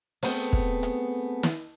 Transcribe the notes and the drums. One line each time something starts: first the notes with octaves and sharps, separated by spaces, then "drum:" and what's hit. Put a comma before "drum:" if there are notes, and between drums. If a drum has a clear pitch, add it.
A3 B3 C4 G#4, drum: open hi-hat
drum: kick
drum: hi-hat
drum: snare